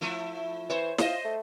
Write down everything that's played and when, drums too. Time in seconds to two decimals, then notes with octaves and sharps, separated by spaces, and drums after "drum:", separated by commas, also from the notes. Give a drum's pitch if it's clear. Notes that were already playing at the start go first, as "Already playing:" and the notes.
0.01 F3 A3 E4
0.70 E3 C5 C#5
0.98 F4 C5 D#5, drum: snare
1.25 A3